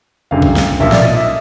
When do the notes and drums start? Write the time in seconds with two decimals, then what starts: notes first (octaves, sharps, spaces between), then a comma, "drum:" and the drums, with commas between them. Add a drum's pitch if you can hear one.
0.31 F#1 F#2 D3 F5
0.42 drum: kick B1
0.56 drum: snare
0.80 B1 A#2 F3 E5
0.92 D5, drum: snare
1.05 D#5
1.16 E5